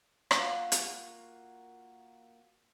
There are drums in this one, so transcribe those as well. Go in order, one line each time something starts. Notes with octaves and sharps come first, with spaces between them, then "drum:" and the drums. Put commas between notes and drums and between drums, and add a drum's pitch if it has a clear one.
A#3 F4 F#4, drum: rim click
drum: hi-hat